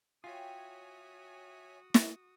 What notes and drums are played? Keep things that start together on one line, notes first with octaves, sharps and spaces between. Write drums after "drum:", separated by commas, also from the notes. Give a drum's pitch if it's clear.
F4 F#4 C#5 E5 G5 G#5 D#6
drum: snare